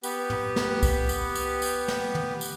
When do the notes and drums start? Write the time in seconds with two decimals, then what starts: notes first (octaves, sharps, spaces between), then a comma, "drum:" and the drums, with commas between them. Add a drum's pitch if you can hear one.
0.03 B3 G4 B4, drum: tambourine
0.30 drum: tom G#2
0.56 drum: snare
0.83 drum: kick, tambourine
1.09 drum: tambourine
1.35 drum: tambourine
1.62 drum: tambourine
1.88 drum: snare
2.15 drum: tom
2.41 drum: tambourine